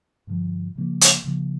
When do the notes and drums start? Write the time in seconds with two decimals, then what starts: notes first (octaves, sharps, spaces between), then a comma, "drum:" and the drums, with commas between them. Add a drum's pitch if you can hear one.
0.27 G2 D3 F3
0.75 C#3 F3 A#3
1.01 drum: hi-hat
1.24 C#3 F3 A#3